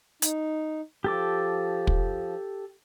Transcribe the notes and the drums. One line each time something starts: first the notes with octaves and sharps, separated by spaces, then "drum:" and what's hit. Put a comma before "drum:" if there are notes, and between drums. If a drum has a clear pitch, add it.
D#4, drum: hi-hat
F3 G4 A4 D6
drum: kick